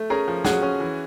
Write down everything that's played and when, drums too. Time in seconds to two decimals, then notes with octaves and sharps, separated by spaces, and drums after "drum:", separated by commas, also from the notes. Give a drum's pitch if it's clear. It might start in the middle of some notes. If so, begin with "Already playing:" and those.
Already playing: A3
0.10 C#4 G#4 A#4
0.28 F3
0.45 C#4 F#4 G#4, drum: snare
0.62 C#4
0.80 E3